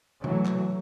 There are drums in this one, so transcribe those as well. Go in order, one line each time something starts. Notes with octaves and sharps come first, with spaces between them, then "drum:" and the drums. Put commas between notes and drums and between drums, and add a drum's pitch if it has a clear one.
E3 F#3 A3, drum: tom C3
drum: clap